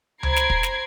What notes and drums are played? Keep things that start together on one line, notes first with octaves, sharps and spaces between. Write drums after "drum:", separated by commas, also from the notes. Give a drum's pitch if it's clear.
C5 A#5 B5 G#6 C7 D7, drum: tom C#2
drum: snare
drum: kick
drum: snare